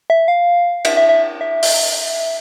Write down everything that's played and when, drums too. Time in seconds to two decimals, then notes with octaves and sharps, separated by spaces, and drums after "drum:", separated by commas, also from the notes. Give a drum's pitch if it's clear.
0.10 E5
0.28 F5
0.85 E5, drum: cymbal
0.97 E5
1.09 E5
1.41 E5
1.63 drum: open hi-hat